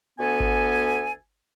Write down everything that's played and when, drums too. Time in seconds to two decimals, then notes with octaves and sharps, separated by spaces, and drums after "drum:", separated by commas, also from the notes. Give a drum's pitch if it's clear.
0.19 D2 B3 A4 G#5
0.40 drum: kick G#1